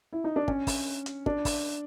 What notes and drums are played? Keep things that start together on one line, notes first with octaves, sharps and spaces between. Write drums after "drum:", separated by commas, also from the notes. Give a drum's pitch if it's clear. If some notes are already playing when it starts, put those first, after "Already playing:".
E4
D#4
D4
C#4, drum: kick
drum: kick, open hi-hat
drum: hi-hat
D4, drum: kick
drum: kick, open hi-hat